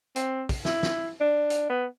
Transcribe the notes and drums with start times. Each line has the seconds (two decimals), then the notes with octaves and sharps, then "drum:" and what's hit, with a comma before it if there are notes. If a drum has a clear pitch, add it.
0.16 C4, drum: hi-hat
0.49 drum: kick, open hi-hat
0.65 E4, drum: snare
0.83 drum: snare
1.20 D4
1.50 drum: hi-hat
1.70 B3